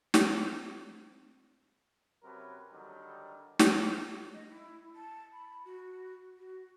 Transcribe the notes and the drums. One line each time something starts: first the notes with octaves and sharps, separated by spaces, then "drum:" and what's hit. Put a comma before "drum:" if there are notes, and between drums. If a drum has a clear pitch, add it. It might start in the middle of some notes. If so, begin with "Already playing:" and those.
C4, drum: snare
C3 F#3 C#4 A#4 B4
D3 D#3 F#3 G3 D#4
drum: snare
D#5
E4
A5
B5
F#4
F#4